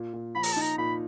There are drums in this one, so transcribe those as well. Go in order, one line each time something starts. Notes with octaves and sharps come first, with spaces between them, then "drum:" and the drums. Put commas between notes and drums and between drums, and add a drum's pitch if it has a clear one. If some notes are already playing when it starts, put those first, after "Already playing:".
Already playing: A#2
A#2
F3 B5
A#5, drum: open hi-hat
A5
D#4
A#5
A#2 B5